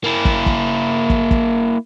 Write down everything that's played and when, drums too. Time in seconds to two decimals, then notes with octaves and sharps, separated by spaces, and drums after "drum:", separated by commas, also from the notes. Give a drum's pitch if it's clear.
0.04 A#3 E4
0.25 drum: kick
0.46 drum: kick
1.10 drum: kick
1.31 drum: kick